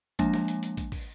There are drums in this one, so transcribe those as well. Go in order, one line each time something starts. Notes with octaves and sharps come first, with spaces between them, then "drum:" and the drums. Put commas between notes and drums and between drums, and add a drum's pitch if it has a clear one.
F3 G#3 A#3 D4 G#5 A#6, drum: kick, hi-hat
drum: snare
drum: hi-hat
drum: hi-hat
drum: kick, hi-hat
drum: kick, open hi-hat